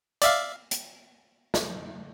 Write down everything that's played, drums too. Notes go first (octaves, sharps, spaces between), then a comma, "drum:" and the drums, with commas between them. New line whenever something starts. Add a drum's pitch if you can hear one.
D5 E5 F5, drum: hi-hat
drum: hi-hat
drum: snare